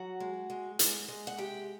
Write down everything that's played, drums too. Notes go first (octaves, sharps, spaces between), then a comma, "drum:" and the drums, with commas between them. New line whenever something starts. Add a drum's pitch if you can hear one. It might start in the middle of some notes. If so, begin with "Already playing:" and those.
Already playing: F#3 F#4 F#5
G#3
G#3
G#3, drum: hi-hat
G#3
F#5
C3 G4 G5